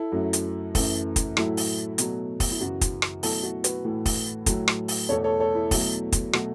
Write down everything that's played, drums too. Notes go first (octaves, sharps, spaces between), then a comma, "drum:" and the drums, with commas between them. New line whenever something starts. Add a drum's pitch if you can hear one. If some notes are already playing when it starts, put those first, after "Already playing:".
Already playing: E4 A4
F#2 F#3 A3
drum: hi-hat
F#2 E3 A3, drum: kick, open hi-hat
drum: kick, hi-hat
A2 F#3 A3 E4, drum: rim click
drum: open hi-hat
B2 F#3 A3, drum: hi-hat
drum: kick, open hi-hat
E4
F#2 C#3 E3 F#4
drum: kick, hi-hat
drum: rim click
B2 F#3 A3 E4 A4, drum: open hi-hat
F#4
F#4 B4, drum: hi-hat
A2 E3 A3
drum: kick, open hi-hat
A2 F#3 A3, drum: kick, hi-hat
drum: rim click
drum: open hi-hat
E2 B2 A3 A4 C#5
A4 C#5
A4 C#5
E4
B2 F#3 A3, drum: kick, open hi-hat
drum: kick, hi-hat
B2 F#3 A3 F#4, drum: rim click